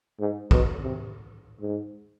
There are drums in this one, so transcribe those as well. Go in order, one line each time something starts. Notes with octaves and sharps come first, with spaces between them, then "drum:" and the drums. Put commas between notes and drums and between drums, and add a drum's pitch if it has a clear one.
G#2
B2, drum: kick
C3
G#2